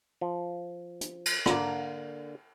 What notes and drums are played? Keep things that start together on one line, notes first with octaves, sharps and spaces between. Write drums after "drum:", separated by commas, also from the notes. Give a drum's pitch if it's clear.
F3
drum: hi-hat
drum: cymbal
D3 A#3, drum: rim click